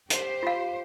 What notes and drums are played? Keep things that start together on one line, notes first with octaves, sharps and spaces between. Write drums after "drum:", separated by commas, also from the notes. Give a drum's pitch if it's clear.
G4 C5, drum: hi-hat
F4 F5